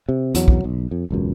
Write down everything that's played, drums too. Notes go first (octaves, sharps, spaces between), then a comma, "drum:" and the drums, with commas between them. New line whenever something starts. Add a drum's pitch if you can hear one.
C3
E2 F#3, drum: hi-hat
drum: kick
B1
F2
E1 C#2 F#2